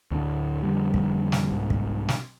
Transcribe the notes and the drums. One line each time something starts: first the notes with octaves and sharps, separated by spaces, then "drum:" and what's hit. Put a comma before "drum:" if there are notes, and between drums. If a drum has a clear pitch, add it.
D2 A2 D3
F2 D3 G3
drum: kick
drum: snare
C2 G#2
drum: kick
drum: snare